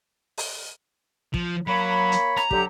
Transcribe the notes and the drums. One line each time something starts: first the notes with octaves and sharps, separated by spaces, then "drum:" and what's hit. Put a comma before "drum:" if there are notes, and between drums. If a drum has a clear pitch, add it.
drum: open hi-hat
F3, drum: kick
F#3 A#3 C#5 B5
drum: hi-hat
A#5, drum: rim click
D3 F#3 G4, drum: kick